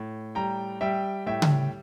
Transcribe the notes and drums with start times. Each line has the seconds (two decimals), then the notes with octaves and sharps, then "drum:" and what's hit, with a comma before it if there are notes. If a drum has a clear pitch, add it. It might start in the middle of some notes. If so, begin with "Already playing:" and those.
Already playing: A2
0.35 G3 G5 A#5
0.81 G3 E5 G5
1.26 A2 E5 G5
1.42 drum: tom C#3